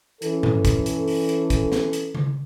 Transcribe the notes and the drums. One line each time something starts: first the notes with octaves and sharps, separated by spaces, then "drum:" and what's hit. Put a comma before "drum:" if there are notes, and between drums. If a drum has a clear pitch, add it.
E3 C#4 A4, drum: hi-hat
drum: tom G2
drum: kick, hi-hat
drum: hi-hat
drum: open hi-hat
drum: hi-hat
drum: kick, hi-hat
drum: snare
drum: hi-hat
drum: tom C#3